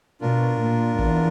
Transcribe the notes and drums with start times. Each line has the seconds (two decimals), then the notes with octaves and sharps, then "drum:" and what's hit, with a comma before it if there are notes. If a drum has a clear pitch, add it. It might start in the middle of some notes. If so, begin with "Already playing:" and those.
0.21 B2 D4 F4 A#4
0.60 A#2
0.99 E2, drum: kick